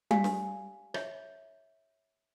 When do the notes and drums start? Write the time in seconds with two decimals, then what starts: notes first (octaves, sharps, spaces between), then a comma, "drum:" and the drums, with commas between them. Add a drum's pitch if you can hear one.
0.11 G4 D5 F5 G#5, drum: tom G3
0.24 drum: snare
0.94 C#5 E5, drum: rim click